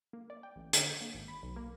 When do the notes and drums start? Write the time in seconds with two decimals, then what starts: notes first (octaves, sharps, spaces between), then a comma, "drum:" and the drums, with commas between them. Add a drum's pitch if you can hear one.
0.13 A#3
0.30 D5
0.43 G5
0.56 A1
0.73 D3, drum: hi-hat
0.86 G6
1.01 A#3
1.14 G#1
1.28 B5
1.43 B1
1.56 A#3